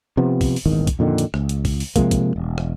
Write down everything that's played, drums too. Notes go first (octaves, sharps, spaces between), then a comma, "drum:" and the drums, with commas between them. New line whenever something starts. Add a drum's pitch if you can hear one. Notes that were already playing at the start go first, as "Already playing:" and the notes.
C3 F3 B3
drum: kick, open hi-hat
drum: open hi-hat
D#1 G#1 E2 D#3
drum: kick, hi-hat
F2 A#2 D3 D#3
drum: hi-hat
C#2, drum: rim click
drum: hi-hat
drum: kick, open hi-hat
drum: open hi-hat
C3 F3 G#3 A#3, drum: kick, hi-hat
drum: kick, hi-hat
E1
drum: rim click